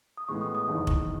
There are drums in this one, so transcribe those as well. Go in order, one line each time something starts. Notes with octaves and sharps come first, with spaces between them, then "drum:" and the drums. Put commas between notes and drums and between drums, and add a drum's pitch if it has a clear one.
D#6
A1 A2 G#3 B3 C#6
D#6
D#6
F#1 E2 D#3
drum: kick